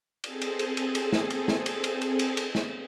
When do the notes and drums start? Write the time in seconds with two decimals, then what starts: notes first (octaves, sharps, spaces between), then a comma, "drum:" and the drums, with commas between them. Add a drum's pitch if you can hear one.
0.24 C4 G#4 A4, drum: cymbal
0.41 drum: cymbal
0.59 drum: cymbal
0.77 drum: cymbal
0.95 drum: cymbal
1.13 drum: snare
1.30 drum: cymbal
1.48 drum: snare
1.66 drum: cymbal
1.84 drum: cymbal
2.01 drum: cymbal
2.19 drum: cymbal
2.37 drum: cymbal
2.55 drum: snare